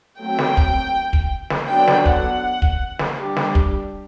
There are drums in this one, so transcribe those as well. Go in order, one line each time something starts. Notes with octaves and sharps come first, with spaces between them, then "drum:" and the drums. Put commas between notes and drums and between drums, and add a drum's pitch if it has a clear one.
F#3 A3 C4 G5
drum: snare
drum: kick
drum: kick
drum: snare
D3 F#3 B3 D4 G5
drum: snare
F#5, drum: kick
drum: kick
drum: snare
G3 D4 G4
drum: snare
drum: kick